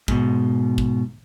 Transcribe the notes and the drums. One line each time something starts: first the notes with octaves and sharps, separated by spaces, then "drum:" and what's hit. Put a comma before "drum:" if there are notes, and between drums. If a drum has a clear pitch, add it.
G#2 B2, drum: kick
drum: kick